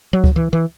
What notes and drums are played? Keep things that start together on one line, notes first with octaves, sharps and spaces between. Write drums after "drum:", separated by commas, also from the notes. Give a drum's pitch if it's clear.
F#3
drum: kick C#2
E3
E3